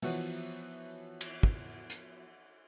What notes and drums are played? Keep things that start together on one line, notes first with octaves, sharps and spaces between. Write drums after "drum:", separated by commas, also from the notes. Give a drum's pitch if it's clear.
E3 F3 B3 F#4 C#5, drum: open hi-hat
drum: cymbal
drum: kick
drum: hi-hat